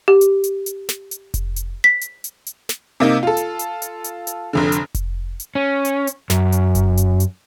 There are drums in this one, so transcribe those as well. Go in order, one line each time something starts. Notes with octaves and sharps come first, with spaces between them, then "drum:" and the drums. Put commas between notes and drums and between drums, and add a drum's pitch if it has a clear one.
G4
drum: hi-hat
drum: hi-hat
drum: hi-hat
drum: snare
drum: hi-hat
drum: kick F1, hi-hat
drum: hi-hat
B6
drum: hi-hat
drum: hi-hat
drum: hi-hat
drum: snare
C3 A#3 D#4
F4 A4
drum: hi-hat
drum: hi-hat
drum: hi-hat
drum: hi-hat
drum: hi-hat
F1 F2 D3
drum: hi-hat
drum: kick F1, hi-hat
drum: hi-hat
C#4
drum: hi-hat
drum: hi-hat
F#2, drum: snare
drum: hi-hat
drum: kick F1, hi-hat
drum: hi-hat
drum: hi-hat